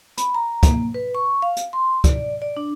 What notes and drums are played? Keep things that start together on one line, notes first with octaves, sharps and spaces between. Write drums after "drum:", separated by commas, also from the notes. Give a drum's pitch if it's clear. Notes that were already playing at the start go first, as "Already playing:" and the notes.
B5, drum: hi-hat
A#5
A#3, drum: kick, hi-hat
B4
C#6
F5
drum: hi-hat
C6
D5, drum: kick, hi-hat
D5
D4